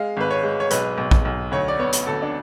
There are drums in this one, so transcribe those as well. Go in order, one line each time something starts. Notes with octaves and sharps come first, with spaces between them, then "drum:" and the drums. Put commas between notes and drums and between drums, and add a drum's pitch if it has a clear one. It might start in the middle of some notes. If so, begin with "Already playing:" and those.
Already playing: G#3 F5
G#1 B4
C#5
G#3
C#5
B1 B4, drum: hi-hat
B1
drum: kick A#1
B1
D2 C#5
D5
B3 C#5
drum: hi-hat
D2 A4
D4